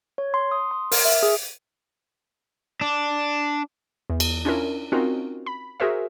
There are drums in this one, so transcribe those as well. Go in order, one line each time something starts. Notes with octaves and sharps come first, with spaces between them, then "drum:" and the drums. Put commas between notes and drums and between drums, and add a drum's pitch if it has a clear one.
C#5
C6
D#6
C6
A#4, drum: open hi-hat
E5
G#4
D4
E2
drum: cymbal
C#4 D4 E4 F4 A#4
C4 C#4 D#4 F4 F#4 A#4
B5
F#4 G#4 A#4 C5 E5